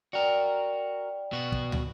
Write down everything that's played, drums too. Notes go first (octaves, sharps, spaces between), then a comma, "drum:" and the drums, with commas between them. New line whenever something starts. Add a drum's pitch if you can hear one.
F#4 A#4 D5 G5
B2 F#4
drum: kick
drum: tom